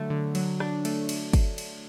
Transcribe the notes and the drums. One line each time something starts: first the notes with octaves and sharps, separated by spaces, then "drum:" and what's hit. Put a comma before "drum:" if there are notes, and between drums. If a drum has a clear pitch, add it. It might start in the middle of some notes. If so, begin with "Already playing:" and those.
Already playing: D3 F#3 A3
D3
F#3, drum: cymbal
D4, drum: rim click
A3, drum: cymbal
drum: cymbal
drum: kick, cymbal
drum: cymbal